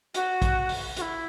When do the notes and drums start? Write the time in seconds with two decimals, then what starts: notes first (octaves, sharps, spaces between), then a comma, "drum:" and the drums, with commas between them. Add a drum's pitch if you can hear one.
0.14 F#4, drum: hi-hat
0.42 drum: kick A#1, hi-hat
0.69 drum: open hi-hat
0.97 F#4, drum: hi-hat
1.01 E4